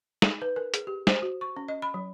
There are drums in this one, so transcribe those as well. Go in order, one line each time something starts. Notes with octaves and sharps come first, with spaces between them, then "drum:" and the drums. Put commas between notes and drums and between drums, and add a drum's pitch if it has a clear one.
D#4, drum: snare
B4
A#4
G#4, drum: hi-hat
G4
C5, drum: snare
F#4
C#6
C#4
D#5
B5
F#3